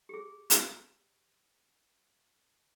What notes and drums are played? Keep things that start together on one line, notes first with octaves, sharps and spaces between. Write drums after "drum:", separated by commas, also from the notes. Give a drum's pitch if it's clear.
G4 G#4
drum: hi-hat